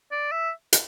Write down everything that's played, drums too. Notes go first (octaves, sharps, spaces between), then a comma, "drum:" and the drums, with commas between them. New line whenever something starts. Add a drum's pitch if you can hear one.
D5
E5
drum: hi-hat